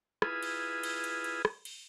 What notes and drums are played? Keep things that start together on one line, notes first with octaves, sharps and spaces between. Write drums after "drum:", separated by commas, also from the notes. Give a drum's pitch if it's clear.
E4 F4 G#4 B4 D#6, drum: rim click
drum: cymbal
drum: cymbal
drum: cymbal
drum: cymbal
drum: rim click
drum: cymbal